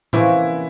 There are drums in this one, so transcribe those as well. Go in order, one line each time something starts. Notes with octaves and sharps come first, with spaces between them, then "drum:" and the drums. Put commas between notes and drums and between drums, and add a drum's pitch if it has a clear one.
C3 E3 F3 A#3 C#4 E4 F#4, drum: tom